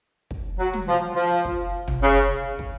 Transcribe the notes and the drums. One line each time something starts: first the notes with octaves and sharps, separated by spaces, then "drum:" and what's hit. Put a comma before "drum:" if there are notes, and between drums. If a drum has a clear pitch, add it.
drum: kick
F#3
drum: tom
F3
F3
drum: kick
drum: tom
C#3
drum: kick